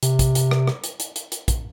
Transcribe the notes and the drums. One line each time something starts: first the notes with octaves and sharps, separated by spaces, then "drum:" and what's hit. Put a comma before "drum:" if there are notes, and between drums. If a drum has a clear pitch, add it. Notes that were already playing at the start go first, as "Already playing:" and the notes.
C3, drum: hi-hat
drum: kick, hi-hat
drum: hi-hat
drum: rim click
drum: rim click
drum: hi-hat
drum: hi-hat
drum: hi-hat
drum: hi-hat
drum: kick, hi-hat